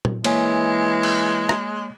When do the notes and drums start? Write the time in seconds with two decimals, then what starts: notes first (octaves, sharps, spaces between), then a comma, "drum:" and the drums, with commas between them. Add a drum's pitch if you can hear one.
0.05 drum: tom A#2
0.24 E3 G#3 A#3 C#5 G#5, drum: cymbal
1.03 drum: cymbal
1.49 drum: rim click